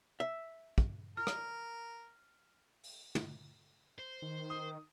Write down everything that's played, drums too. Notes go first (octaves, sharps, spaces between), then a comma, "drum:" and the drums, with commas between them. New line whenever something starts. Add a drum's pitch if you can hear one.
E5
drum: kick
A#4 F6
drum: rim click
drum: open hi-hat
drum: tom
C5
D#3
D#6